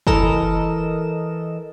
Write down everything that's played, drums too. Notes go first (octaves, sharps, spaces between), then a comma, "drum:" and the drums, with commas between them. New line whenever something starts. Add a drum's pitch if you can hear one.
E3 A4 A#4 D#5 E7, drum: kick